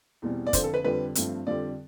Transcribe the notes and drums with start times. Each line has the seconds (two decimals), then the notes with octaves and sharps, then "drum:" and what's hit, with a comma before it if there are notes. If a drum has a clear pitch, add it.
0.22 E2 B2 G3 C4
0.47 D5
0.53 F2 D3 F3 C4 C5, drum: kick, hi-hat
0.64 A4
0.74 B4
0.84 F2 D3 G3 C4 B4
1.15 G2 F3 A3 C4, drum: hi-hat
1.47 F2 D3 G3 C4 D5